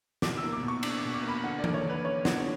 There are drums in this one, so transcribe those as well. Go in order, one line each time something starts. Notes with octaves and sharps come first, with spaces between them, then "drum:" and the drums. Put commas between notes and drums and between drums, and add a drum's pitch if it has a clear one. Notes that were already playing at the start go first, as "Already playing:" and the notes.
B2 D6, drum: snare
E6
A#3
D6
B2
C#6
D4 D6, drum: cymbal
D6
B2
D6
A#3
B5
D3 F#5
D5
A#3, drum: tom E3
C#5
D3 B4
C#4 C#5
D3 F#5, drum: snare